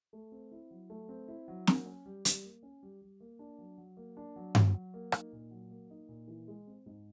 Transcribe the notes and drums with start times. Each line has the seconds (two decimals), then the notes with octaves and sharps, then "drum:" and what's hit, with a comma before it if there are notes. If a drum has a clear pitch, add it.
0.13 A3
0.32 C4
0.52 E4
0.71 F#3
0.90 A3
1.09 C4
1.28 E4
1.48 F#3
1.67 A#3, drum: snare
1.86 C#4
2.06 G3
2.25 G3, drum: hi-hat
2.44 A#3
2.63 C#4
2.83 G3
3.02 G3
3.20 A#3
3.39 D4
3.58 F#3
3.78 F#3
3.97 A#3
4.17 D4
4.36 F#3
4.55 F#3, drum: tom G2
4.74 F#3
4.94 A#3
5.12 D#4, drum: rim click
5.33 A#2
5.51 F#3
5.71 A#3
5.90 D#4
6.09 A#2
6.28 E3
6.48 G#3
6.67 C4
6.86 G#2